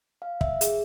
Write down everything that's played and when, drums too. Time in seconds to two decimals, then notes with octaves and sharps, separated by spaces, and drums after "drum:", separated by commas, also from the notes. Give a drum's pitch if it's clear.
0.22 F5
0.41 E5, drum: kick
0.61 G#4, drum: hi-hat